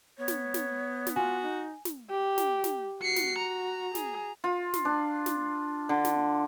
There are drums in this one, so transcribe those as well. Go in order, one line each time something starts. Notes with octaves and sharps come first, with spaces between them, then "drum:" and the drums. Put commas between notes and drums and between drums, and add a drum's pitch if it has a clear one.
B3 C#5
drum: snare
drum: snare
drum: snare
F4 F#4 G#5
D#4
drum: snare
G4
drum: snare
drum: snare
F#4 C7 C#7
drum: snare
A#5
G#4, drum: snare
F4
drum: snare
D4
drum: snare
D3
drum: snare